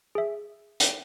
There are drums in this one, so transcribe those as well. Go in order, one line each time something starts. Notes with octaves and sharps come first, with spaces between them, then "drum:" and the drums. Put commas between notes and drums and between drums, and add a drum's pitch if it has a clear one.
G#4 E5
drum: hi-hat